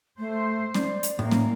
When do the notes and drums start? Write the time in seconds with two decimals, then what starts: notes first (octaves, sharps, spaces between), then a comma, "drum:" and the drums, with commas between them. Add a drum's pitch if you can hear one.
0.19 A3 C5
0.74 D5, drum: snare C#4
1.03 drum: hi-hat
1.19 A2 E3 A#3
1.31 drum: snare C#4